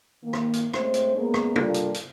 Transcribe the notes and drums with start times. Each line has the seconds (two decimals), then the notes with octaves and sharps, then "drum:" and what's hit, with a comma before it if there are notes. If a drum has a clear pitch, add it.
0.24 D#3 A#3
0.33 drum: rim click
0.53 drum: hi-hat
0.74 G#3 A3 C4 C#4 C5, drum: rim click
0.94 drum: hi-hat
1.17 G#3 A#3 B3 C#4 G#4 A#4
1.34 drum: rim click
1.56 A#2 G3 D4 F4 A4 A#4, drum: tom
1.74 drum: hi-hat
1.94 drum: hi-hat